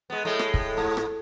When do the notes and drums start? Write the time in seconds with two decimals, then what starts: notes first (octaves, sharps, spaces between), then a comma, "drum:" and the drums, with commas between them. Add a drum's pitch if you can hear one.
0.10 G#3 B3
0.25 A2 G#3 A3
0.39 drum: rim click
0.54 drum: kick
0.77 G#2
0.97 drum: rim click